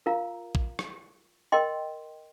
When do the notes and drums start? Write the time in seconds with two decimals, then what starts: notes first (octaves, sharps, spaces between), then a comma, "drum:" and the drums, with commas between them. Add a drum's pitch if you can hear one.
0.06 F4 A#4 F5 A#5
0.55 drum: kick A#1
0.79 drum: rim click
1.52 A#4 D#5 G5 C6